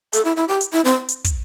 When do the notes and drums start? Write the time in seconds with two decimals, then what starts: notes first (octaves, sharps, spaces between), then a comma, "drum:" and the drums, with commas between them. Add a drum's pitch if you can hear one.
0.13 A4, drum: hi-hat
0.25 E4
0.37 E4
0.48 G4
0.61 drum: hi-hat
0.73 E4
0.85 C4
1.09 drum: hi-hat
1.24 drum: kick, hi-hat